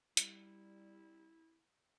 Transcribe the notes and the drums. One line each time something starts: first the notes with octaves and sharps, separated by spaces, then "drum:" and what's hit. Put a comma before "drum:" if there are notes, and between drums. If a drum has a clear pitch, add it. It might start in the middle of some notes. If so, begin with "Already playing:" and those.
G3 E4, drum: hi-hat